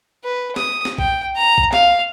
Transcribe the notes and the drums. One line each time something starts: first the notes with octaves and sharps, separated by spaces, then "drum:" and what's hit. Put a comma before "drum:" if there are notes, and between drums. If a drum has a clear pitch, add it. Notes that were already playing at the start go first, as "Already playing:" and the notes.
B4
D#6, drum: snare
drum: snare
G5, drum: kick
A#5
drum: kick
F5, drum: snare